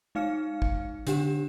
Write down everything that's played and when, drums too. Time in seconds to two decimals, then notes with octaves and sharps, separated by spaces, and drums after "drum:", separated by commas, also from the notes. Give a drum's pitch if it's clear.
0.15 G#3 D#4 F5 F6 C#7
0.62 drum: kick
1.07 D3 D4 G4 F#5 E7, drum: hi-hat